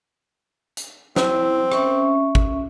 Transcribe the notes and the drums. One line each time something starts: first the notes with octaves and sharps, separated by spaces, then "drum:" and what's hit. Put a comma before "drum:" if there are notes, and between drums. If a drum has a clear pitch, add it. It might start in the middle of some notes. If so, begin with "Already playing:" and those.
drum: hi-hat
C4 E4, drum: snare
C#4 E5 C#6, drum: rim click
drum: kick G#1